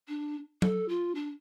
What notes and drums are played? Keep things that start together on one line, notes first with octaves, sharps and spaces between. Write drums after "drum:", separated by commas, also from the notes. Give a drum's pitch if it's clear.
D4
A4, drum: tom F#3
F4
D4